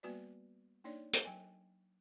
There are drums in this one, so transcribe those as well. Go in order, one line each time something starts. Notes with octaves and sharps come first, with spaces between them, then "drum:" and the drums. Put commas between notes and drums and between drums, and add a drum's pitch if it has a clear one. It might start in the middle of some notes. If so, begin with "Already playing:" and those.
G3 A#3 B3 F#4 B4 D5
A#3 D4 D#4 C#5 D5
drum: hi-hat
F#3 G5 G#5